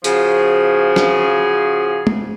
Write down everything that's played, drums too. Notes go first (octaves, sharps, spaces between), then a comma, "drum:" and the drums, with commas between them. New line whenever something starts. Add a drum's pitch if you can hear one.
C#3 F3 F#4 G#4, drum: hi-hat
drum: snare
drum: tom G#3